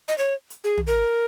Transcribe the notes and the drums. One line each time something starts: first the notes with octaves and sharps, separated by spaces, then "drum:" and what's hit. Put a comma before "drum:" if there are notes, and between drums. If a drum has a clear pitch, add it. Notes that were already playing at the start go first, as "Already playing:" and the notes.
D#5
C#5
drum: hi-hat
G#4
drum: tom
A#4